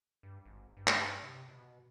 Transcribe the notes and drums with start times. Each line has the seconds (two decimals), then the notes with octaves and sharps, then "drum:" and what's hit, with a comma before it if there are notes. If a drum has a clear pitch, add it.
0.23 G2
0.45 G#1
0.77 G2
0.87 drum: clap
1.23 C3
1.49 B2